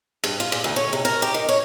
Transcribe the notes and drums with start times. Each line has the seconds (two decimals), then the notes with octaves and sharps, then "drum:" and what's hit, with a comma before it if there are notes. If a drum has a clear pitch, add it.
0.24 G2, drum: cymbal
0.40 F4
0.52 A#2, drum: cymbal
0.64 D2
0.76 C#5
0.93 C3
1.05 A#4
1.22 G4
1.34 D#3
1.49 C#5